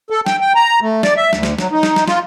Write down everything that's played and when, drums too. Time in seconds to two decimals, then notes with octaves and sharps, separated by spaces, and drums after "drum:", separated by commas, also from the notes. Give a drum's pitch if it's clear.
0.10 A4
0.26 G5, drum: snare
0.41 G5
0.55 A#5
0.82 A3
1.03 D5, drum: snare
1.17 E5
1.33 D2, drum: snare
1.43 drum: snare
1.59 F#3, drum: snare
1.72 D#4
1.83 drum: snare
1.96 drum: snare
2.08 F4, drum: snare